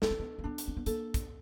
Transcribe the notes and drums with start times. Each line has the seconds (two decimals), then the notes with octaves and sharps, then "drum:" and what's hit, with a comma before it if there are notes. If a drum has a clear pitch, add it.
0.02 B3 A4, drum: snare
0.11 C4
0.19 B3
0.39 A#3
0.44 B3 D4
0.58 drum: hi-hat
0.68 C4
0.77 B3
0.86 A#3 A4, drum: hi-hat
1.14 drum: kick, hi-hat